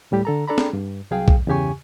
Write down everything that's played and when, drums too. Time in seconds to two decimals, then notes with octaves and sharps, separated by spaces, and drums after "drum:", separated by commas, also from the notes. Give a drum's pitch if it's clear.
0.11 D2 A2 G3 G4
0.25 D3 A4 A#5
0.48 D4 A4 D5 A#5 B5
0.58 drum: snare
0.73 G2
1.11 C2 F#3 G#4 F5 G5
1.28 drum: kick A#1
1.47 E2 G2 C#3 G4 G#5 C#6